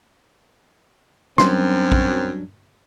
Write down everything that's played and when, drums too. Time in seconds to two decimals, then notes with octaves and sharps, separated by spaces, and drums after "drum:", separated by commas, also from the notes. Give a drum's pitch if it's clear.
1.38 F#2 F#3 G3 C4 D4 C6, drum: snare
1.92 drum: kick A#1